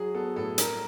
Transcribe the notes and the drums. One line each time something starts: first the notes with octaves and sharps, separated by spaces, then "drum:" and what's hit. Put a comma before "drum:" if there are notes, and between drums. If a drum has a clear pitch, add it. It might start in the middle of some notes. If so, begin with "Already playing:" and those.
Already playing: F#3 G#4
B3 A4
A2 A4
G3 A#4, drum: hi-hat